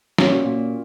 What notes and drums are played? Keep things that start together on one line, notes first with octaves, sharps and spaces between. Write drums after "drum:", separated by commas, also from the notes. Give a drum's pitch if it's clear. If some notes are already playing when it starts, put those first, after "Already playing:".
A#2 C#4 F#4, drum: snare
A#2